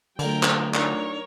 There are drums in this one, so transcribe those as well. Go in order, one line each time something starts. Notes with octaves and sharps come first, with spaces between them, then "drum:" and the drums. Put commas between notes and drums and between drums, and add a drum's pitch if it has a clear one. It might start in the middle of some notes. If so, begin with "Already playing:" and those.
D3 F#3 A3 F4 A#4 G5, drum: cymbal
drum: clap
D4 D#4 A#4 C#5 D5, drum: clap